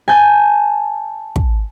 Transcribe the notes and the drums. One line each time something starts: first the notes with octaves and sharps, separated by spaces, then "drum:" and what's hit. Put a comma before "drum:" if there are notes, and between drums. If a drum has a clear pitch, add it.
G#5 A5 G6
drum: kick